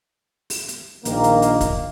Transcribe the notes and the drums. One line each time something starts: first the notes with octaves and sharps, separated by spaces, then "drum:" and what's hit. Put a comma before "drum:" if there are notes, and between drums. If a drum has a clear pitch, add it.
drum: open hi-hat
drum: hi-hat
A#1 D#3 A#3, drum: hi-hat
drum: hi-hat
drum: hi-hat
drum: kick, hi-hat